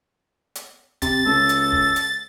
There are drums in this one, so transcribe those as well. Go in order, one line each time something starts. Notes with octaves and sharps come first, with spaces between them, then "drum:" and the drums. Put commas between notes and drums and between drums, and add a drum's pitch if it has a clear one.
drum: hi-hat
C3 A6, drum: kick, hi-hat
C#2 A4
drum: hi-hat
drum: kick
drum: hi-hat